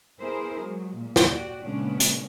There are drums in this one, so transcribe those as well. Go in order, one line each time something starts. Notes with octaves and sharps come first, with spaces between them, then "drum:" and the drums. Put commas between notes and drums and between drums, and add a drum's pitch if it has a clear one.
B3 E4 G#4 A#4 C5
F#3 G#3
A#2
drum: snare
F#4 G4 D5
A#2 C#3 G#3 B3 C#4 D4
drum: hi-hat